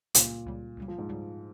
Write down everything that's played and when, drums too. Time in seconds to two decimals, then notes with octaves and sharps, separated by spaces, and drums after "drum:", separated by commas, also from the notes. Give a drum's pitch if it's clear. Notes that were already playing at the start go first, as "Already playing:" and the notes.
0.15 C#2 A#2 C#3 G3, drum: hi-hat
0.46 C#2 C#3 G3
0.77 C#2 C#3 G3
0.88 F3
0.98 G#2
1.09 C#2 C#3 G3